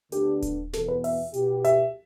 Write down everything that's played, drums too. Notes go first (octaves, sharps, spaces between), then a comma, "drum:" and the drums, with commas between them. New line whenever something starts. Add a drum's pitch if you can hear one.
D2 D3 B3 D4 G4, drum: hi-hat
drum: kick D#1, hi-hat
E2 B2 B3 A4, drum: snare
B4
E5, drum: open hi-hat
B2 B3 E4 G4, drum: hi-hat
E5, drum: hi-hat